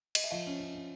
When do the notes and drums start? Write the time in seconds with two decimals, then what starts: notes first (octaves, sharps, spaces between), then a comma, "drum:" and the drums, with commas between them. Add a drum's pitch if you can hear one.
0.15 D#5, drum: cymbal
0.24 E5
0.31 F3 D#5 F5
0.46 C#4
0.60 C#4
0.75 C#4